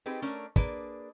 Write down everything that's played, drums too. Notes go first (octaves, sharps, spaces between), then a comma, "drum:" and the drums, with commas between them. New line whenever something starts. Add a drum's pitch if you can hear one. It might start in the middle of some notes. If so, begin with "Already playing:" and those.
C4 D#4 G4 G#4 B4
A3 C#4 D4 A#4
A#3 D4 G#4 B4 D5, drum: kick